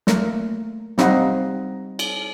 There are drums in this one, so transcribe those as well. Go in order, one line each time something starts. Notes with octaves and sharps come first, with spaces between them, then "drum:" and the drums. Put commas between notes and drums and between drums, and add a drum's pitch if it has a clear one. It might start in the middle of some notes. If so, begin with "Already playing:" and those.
A3 A#3 A#4, drum: snare
G3 C4 D#4 D#5 F5 F#5, drum: snare
drum: cymbal